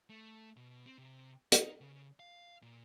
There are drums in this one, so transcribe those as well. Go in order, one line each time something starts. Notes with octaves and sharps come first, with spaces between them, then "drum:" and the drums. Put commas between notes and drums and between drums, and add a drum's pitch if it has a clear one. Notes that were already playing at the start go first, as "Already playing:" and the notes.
A3
B2
C4
C3
D#4, drum: hi-hat
C#3
F5
A#2